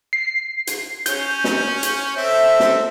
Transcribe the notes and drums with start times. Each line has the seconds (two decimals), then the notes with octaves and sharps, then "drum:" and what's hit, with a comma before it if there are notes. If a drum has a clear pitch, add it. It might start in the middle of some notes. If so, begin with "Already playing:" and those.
0.13 C7
0.67 drum: hi-hat
1.06 C#4 G6, drum: hi-hat
1.44 drum: snare
1.83 drum: hi-hat
2.16 C4 A4 E5
2.60 drum: snare